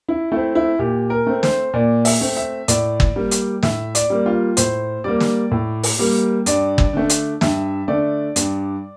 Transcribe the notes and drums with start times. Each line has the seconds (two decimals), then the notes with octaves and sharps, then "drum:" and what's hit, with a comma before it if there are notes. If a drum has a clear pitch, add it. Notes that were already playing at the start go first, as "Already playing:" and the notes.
0.09 E4
0.32 A3 C4 E4
0.55 E4
0.79 A#2 G4
1.10 A#4
1.27 A3 C4
1.43 C5, drum: snare
1.74 A#2 D5
2.05 E5, drum: open hi-hat
2.21 A3 C4
2.37 E5
2.68 A2 D5, drum: hi-hat
3.00 drum: kick G1
3.16 G3 A#3
3.31 drum: hi-hat
3.63 A2 E5, drum: snare
3.95 D5, drum: hi-hat
4.10 G3 A#3
4.26 F4
4.57 A2 C5, drum: hi-hat
5.04 G3 A#3 D5
5.20 drum: snare
5.51 A2
5.83 drum: open hi-hat
5.99 G3 A#3
6.46 G2 D5, drum: hi-hat
6.78 drum: kick G1
6.93 D3 A3
7.09 drum: hi-hat
7.41 G2 E5, drum: snare
7.88 D3 A3 D5
8.36 G2, drum: hi-hat